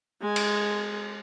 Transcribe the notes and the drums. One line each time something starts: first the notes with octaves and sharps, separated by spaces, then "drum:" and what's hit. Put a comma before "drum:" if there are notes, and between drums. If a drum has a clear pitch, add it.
G#3 G#5
drum: cymbal